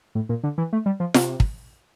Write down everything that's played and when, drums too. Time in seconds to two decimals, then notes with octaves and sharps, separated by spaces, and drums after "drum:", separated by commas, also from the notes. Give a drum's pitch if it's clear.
0.15 A2
0.29 A#2
0.44 D3
0.58 E3
0.73 A3
0.86 G3
1.00 F3
1.14 C3, drum: snare F4
1.40 drum: kick